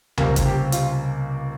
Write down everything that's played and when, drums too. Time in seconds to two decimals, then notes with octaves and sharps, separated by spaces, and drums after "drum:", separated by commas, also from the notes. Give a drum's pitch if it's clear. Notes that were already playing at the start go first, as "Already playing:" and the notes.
0.17 C#2 C3 G3 A#3 A#4, drum: tom C#2
0.36 drum: kick, hi-hat
0.46 G4
0.72 F4, drum: hi-hat